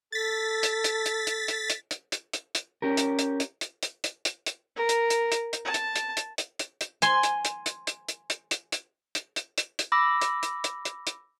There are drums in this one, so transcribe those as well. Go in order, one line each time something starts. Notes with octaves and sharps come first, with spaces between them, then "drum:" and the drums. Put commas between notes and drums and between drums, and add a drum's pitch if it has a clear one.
A4 A6 B6
drum: hi-hat
drum: hi-hat
drum: hi-hat
drum: hi-hat
drum: hi-hat
drum: hi-hat
drum: hi-hat
drum: hi-hat
drum: hi-hat
drum: hi-hat
C#4 G4 A#4
drum: hi-hat
drum: hi-hat
drum: hi-hat
drum: hi-hat
drum: hi-hat
drum: hi-hat
drum: hi-hat
drum: hi-hat
A#4
drum: hi-hat
drum: hi-hat
drum: hi-hat
drum: hi-hat
A5
drum: hi-hat
drum: hi-hat
drum: hi-hat
drum: hi-hat
drum: hi-hat
drum: hi-hat
G#5 C6, drum: hi-hat
drum: hi-hat
drum: hi-hat
drum: hi-hat
drum: hi-hat
drum: hi-hat
drum: hi-hat
drum: hi-hat
drum: hi-hat
drum: hi-hat
drum: hi-hat
drum: hi-hat
drum: hi-hat
B5 D6 E6 A#6
drum: hi-hat
drum: hi-hat
drum: hi-hat
drum: hi-hat
drum: hi-hat